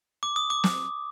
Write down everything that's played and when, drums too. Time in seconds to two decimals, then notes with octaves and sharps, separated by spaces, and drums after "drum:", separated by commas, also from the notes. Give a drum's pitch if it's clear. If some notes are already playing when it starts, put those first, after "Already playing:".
0.23 D6
0.36 D#6
0.50 D6
0.64 drum: snare